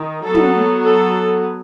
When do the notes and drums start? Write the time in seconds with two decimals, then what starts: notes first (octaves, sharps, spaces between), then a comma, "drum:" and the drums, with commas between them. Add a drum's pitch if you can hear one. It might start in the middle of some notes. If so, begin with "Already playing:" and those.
Already playing: D#3
0.25 F#3 B3 A4
0.35 drum: tom
0.84 A4